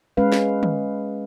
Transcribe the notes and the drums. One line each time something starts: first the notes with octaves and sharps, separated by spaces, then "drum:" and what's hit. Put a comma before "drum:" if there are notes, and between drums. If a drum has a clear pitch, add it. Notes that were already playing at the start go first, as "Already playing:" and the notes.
G#3 C#4 B4 F5
drum: snare
drum: tom